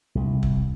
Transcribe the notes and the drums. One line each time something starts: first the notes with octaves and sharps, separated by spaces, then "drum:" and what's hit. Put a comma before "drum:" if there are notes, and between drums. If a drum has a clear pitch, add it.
C2
drum: kick